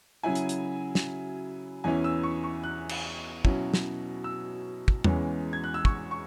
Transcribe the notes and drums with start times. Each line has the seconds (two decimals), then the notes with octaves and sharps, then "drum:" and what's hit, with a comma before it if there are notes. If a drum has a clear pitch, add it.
0.23 C#3 F#3 E4 G#5
0.35 drum: hi-hat
0.49 drum: hi-hat
0.95 drum: snare
1.84 E2 E3 C#4 E4 G#5
2.04 E6
2.23 C#6
2.44 C#6
2.63 F#6
2.89 drum: cymbal
3.45 B2 F#3 C#4 E4, drum: kick
3.74 drum: snare
4.24 E6
4.88 drum: kick
5.04 E2 E3 G#3 C#4, drum: tom E2
5.53 G#6
5.64 F#6
5.74 E6
5.85 C#6, drum: kick
6.11 C#6